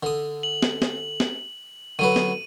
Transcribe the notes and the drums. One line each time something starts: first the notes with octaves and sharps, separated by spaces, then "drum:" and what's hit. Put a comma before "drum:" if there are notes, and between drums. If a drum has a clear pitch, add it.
D3 D#6
F#7
drum: snare
drum: snare
drum: snare
D3 F#3 B4 D#7
drum: snare